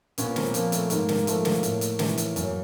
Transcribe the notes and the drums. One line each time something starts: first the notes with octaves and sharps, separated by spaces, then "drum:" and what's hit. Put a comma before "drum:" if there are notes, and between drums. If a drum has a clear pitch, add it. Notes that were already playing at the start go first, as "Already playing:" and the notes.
A#2 B3 C#4, drum: hi-hat
A#3 C4, drum: snare
F3 A#3, drum: hi-hat
A3, drum: hi-hat
G#2 A#3, drum: hi-hat
A#3, drum: snare
F3 A3, drum: hi-hat
A#3, drum: snare
A2, drum: hi-hat
drum: hi-hat
E3, drum: snare
drum: hi-hat
F#2, drum: hi-hat